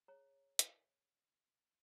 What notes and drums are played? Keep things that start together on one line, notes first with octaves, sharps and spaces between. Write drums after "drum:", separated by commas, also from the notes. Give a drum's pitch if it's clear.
G#4 C#5 A#5
drum: hi-hat